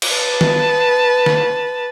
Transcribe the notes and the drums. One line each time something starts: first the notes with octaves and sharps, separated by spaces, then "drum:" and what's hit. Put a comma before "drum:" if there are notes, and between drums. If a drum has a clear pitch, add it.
drum: cymbal
B4 A5
drum: tom
drum: snare